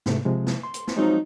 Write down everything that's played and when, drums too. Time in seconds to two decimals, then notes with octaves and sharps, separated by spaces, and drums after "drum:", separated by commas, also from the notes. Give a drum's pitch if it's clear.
0.06 G#2 C3 A3, drum: snare
0.25 C3 F3 G#3
0.47 drum: snare
0.63 C6
0.74 drum: hi-hat
0.88 drum: snare
0.97 F3 F#3 G#3 C4 D#4